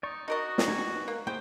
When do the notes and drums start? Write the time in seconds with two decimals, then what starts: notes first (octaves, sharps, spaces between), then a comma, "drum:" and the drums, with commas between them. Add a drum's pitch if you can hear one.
0.03 D#4 D5 C#6
0.28 D#4 F#4 A#4 D#5
0.58 drum: snare
0.68 D#4 G4 G#5
0.82 B4
1.08 A#3
1.27 A#3 E4 G#4 C5 G5